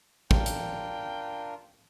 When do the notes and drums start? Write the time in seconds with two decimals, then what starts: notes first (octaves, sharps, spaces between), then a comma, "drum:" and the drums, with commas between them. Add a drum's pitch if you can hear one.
0.31 D4 F4 A#4 G5, drum: kick
0.46 drum: hi-hat